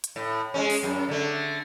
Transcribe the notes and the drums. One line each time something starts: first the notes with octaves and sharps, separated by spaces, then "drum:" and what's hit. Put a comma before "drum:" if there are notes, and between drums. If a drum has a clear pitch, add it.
drum: hi-hat
A2
G#3 A3 C#4
drum: open hi-hat
F#2
D3 A3